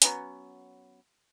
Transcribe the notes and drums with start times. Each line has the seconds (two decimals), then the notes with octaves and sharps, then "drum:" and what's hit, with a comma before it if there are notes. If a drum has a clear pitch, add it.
0.02 F#3 B3 C#4, drum: hi-hat